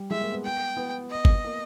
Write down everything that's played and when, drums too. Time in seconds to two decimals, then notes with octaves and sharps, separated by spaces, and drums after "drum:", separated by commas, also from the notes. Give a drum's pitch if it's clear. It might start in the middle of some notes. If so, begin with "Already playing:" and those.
Already playing: G3
0.10 G#3 E5
0.21 A#3
0.32 B3
0.44 G5
0.77 B3
1.11 D#5
1.25 drum: kick G1
1.44 A#3